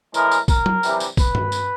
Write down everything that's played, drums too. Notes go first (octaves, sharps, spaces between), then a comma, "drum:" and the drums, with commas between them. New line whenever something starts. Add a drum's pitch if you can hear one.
A2 E3 G#3 A#4, drum: tambourine
drum: tambourine
A#4, drum: kick, tambourine
drum: tom F#3
C3 E3 G3, drum: tambourine
drum: tambourine
B4, drum: kick, tambourine
drum: tom G2
drum: tambourine